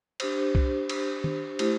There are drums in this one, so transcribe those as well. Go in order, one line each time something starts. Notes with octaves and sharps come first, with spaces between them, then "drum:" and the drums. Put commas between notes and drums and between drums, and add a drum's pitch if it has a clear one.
D4 G4 C5, drum: cymbal
drum: kick C2
drum: cymbal
drum: tom D#3
A3 E4 G4 C5, drum: cymbal